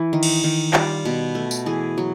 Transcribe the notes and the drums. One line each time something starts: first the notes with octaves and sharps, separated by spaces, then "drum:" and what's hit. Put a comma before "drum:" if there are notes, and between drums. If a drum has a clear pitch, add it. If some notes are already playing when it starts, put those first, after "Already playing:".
Already playing: E3
D#3
drum: cymbal
D#3
G3 F4, drum: clap
B2
A3
drum: tambourine
E3 G#4
F#3